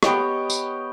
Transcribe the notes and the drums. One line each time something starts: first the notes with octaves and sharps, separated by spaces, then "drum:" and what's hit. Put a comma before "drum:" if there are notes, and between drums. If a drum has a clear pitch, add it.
B3 G4 C#5 D#5, drum: rim click
drum: tambourine